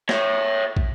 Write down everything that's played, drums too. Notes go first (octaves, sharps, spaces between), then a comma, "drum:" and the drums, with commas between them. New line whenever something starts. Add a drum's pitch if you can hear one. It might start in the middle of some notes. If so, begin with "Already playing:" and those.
C#5 E5, drum: snare
drum: kick